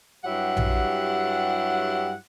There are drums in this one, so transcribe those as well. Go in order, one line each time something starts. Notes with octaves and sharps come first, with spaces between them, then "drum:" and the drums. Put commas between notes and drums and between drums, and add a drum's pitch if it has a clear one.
G2 F#3 E4 G4 F#5
drum: tom A#1